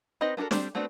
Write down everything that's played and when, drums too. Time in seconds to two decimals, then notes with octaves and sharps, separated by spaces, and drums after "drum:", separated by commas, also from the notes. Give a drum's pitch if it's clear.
0.21 C4 D#4 B4 D#5
0.37 B3 D4 F#4 A4 A#4
0.51 G3 C4 D4 C5 D5, drum: snare
0.75 A3 B3 C4 D4 F#4